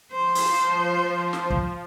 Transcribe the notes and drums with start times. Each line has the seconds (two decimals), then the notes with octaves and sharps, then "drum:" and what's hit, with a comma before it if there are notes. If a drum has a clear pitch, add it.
0.12 F3 C5
0.35 drum: open hi-hat
1.33 drum: snare
1.50 drum: kick